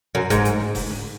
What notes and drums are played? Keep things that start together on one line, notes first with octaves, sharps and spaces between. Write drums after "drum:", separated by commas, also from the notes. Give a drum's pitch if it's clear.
F#2
G#2, drum: kick F1, hi-hat
drum: hi-hat
drum: snare
drum: kick F1, open hi-hat
drum: snare